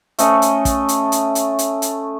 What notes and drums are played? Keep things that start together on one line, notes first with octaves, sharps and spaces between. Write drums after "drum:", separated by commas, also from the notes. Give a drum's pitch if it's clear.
A3 C#4 D#5, drum: hi-hat
drum: hi-hat
drum: kick, hi-hat
drum: hi-hat
drum: hi-hat
drum: hi-hat
drum: hi-hat
drum: hi-hat